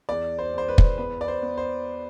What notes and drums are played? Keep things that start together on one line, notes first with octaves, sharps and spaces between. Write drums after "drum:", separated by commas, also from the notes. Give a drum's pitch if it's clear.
E2 D5
C5
E2 C5
B4
drum: kick
B3 B4
D5
C5
B3
C5